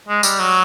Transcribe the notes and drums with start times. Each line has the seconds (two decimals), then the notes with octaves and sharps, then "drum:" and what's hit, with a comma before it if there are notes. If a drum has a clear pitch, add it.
0.09 G#3
0.23 G3, drum: tambourine
0.39 F#3